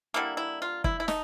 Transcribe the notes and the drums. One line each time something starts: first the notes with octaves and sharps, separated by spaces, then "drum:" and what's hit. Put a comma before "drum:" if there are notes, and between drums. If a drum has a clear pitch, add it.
D3 G3 A#3 E4
E4
F4
E4, drum: kick
E4
A3 D#4, drum: snare